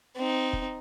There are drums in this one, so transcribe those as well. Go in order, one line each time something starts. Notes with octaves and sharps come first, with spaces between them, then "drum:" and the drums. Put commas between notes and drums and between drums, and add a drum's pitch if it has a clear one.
C4 D#4
drum: kick F1